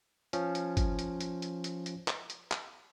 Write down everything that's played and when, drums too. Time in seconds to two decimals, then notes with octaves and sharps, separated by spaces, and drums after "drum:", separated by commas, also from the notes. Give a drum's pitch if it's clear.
0.33 F3 C#4, drum: hi-hat
0.55 drum: hi-hat
0.77 drum: kick G1, hi-hat
0.99 drum: hi-hat
1.21 drum: hi-hat
1.42 drum: hi-hat
1.64 drum: hi-hat
1.86 drum: hi-hat
2.08 drum: clap
2.30 drum: hi-hat
2.52 drum: clap